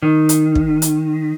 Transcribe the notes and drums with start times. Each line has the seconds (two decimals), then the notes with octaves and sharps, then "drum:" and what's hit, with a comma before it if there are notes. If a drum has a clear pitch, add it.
0.03 D#3
0.29 drum: hi-hat
0.55 drum: kick
0.82 drum: hi-hat